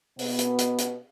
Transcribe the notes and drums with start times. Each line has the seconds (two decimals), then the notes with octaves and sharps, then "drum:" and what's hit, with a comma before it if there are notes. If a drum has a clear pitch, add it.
0.19 B2 B3, drum: open hi-hat
0.39 drum: hi-hat
0.58 drum: hi-hat
0.78 drum: hi-hat